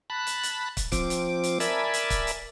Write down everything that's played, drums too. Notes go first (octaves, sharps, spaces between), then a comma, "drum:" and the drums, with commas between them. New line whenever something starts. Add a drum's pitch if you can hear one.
A5 B5 F#6
drum: hi-hat
drum: hi-hat
drum: kick, hi-hat
F3 C4 D6, drum: kick, hi-hat
drum: hi-hat
drum: hi-hat
A#4 D5 E5 G#5 A5 B5, drum: hi-hat
drum: hi-hat
drum: kick, hi-hat
drum: hi-hat